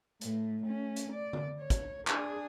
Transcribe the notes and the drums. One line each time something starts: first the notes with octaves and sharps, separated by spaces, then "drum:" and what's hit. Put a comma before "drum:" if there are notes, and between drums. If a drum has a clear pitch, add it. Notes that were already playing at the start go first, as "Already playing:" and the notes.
A2 A3, drum: hi-hat
A3 C#4
drum: hi-hat
D5
drum: tom D3
C#5
drum: kick, hi-hat
D4 G#4, drum: clap